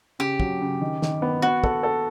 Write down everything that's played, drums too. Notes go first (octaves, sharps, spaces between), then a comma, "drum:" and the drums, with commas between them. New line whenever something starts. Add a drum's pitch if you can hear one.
C#3 G4
F#3, drum: kick
C#3
D#3
D#3, drum: snare
B3
B3 F#4
A4, drum: kick
A4